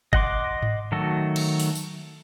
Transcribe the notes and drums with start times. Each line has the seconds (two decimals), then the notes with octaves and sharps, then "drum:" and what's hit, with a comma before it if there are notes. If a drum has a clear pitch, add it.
0.13 D#5 F#5 C6 D6, drum: kick F#1
0.62 drum: tom G#2
0.92 D#3 F#3 A3 F#4 A4
1.36 drum: cymbal
1.60 drum: open hi-hat
1.75 drum: tambourine